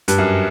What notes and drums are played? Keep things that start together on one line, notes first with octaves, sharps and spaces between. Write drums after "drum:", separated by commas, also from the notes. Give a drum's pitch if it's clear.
G2, drum: hi-hat
F#2